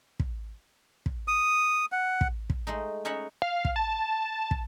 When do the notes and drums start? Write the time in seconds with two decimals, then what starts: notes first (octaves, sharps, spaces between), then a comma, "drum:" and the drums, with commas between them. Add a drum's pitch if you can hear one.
0.20 drum: kick
1.06 drum: kick
1.28 D#6
1.92 F#5
2.21 drum: kick
2.50 drum: kick
2.67 G#3 A3 D#4
3.05 C#4 D#4 C#5 E5 F#5 B5
3.42 F5
3.65 drum: kick
3.76 A5
4.51 drum: kick